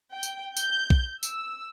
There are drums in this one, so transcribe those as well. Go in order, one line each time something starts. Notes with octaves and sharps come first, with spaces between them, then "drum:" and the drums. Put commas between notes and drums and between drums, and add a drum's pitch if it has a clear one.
G5
drum: tambourine
G6, drum: tambourine
drum: kick B1
E6, drum: tambourine